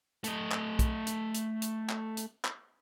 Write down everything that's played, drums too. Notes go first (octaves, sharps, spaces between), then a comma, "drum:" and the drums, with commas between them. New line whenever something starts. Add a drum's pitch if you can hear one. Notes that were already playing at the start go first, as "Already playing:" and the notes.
A3 D#5, drum: hi-hat
drum: clap
drum: kick, hi-hat
drum: hi-hat
drum: hi-hat
drum: hi-hat
drum: clap
drum: hi-hat
drum: clap